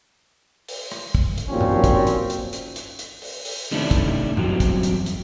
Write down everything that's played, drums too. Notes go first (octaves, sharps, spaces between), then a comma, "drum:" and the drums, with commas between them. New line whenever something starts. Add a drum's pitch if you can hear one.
drum: open hi-hat
drum: rim click
drum: kick
drum: hi-hat
D#2 A#2 F3 F#3 C4 C#4
drum: tom G2
drum: kick, hi-hat
drum: hi-hat
drum: hi-hat
drum: hi-hat
drum: hi-hat
drum: hi-hat
drum: open hi-hat
drum: open hi-hat
C3 D#3 A3 C#4 D4 E4
drum: kick, hi-hat
E2 G2 F#3 C4, drum: tom G2
drum: kick, hi-hat
drum: hi-hat
drum: hi-hat